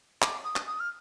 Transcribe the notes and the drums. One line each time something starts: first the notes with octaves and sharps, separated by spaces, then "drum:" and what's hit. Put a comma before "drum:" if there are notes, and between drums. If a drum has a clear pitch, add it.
D6, drum: clap
D#6
drum: clap
D#6
F6